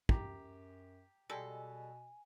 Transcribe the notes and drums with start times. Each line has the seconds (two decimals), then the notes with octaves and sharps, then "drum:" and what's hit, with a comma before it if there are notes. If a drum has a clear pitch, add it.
0.09 F#2 G4 A#5, drum: kick
1.30 B2 G3 G#3 A4 G#5